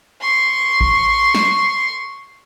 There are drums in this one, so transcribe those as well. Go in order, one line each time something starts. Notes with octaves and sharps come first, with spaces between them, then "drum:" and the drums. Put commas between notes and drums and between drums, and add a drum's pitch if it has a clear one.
C6 C#6
drum: kick A1
drum: snare